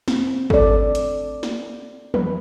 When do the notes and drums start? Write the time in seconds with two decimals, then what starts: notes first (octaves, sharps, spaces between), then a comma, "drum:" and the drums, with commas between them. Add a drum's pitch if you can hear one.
0.08 C4, drum: snare
0.50 A4 D5, drum: kick G#1
0.95 drum: hi-hat
1.43 drum: snare
2.14 B4, drum: tom E3